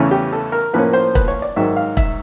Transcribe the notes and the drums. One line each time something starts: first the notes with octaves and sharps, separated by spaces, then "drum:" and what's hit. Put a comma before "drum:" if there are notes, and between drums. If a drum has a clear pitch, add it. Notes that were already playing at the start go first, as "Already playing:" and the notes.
Already playing: E2 C#3 E3 A3 C#4
G4
A4
A#4
A2 F3 A#3 C#4 B4
C5
B4, drum: kick E1
C#5
D5
G#2 D#3 F#3 E5
F5
E5, drum: kick E1